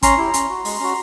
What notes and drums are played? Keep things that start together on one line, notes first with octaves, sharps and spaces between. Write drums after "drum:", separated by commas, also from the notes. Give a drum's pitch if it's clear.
C#4 A#5 C6, drum: kick F#1, hi-hat
E4 G4
C#4, drum: hi-hat
F#4
G#3, drum: open hi-hat
C#4 F#4